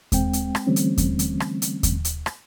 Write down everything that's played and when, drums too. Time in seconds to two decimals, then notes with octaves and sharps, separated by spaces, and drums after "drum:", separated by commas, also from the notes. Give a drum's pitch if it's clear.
0.12 G#3 C4 G5, drum: kick D#2, hi-hat
0.33 drum: hi-hat
0.55 drum: rim click
0.67 D3 E3 G3 A3 C4 C#4
0.76 drum: hi-hat
0.98 drum: kick D#2, hi-hat
1.19 drum: hi-hat
1.40 drum: rim click
1.62 drum: hi-hat
1.83 drum: kick D#2, hi-hat
2.05 drum: hi-hat
2.26 drum: rim click